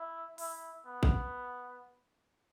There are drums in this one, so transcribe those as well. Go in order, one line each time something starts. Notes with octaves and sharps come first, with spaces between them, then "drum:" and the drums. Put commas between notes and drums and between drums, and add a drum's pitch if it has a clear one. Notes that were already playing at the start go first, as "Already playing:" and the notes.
Already playing: E4
E4, drum: open hi-hat
B3
drum: kick A#1